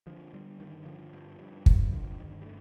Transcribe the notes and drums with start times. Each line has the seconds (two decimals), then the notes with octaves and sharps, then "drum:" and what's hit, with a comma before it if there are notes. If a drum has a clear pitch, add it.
0.07 D3 F3
0.34 D3 G3
0.60 G2 D#3
0.86 D3 F3
1.13 G2
1.39 G2
1.66 D3 G3, drum: kick
1.92 D3 F3
2.19 G2 D#3
2.41 G3
2.45 D3 A3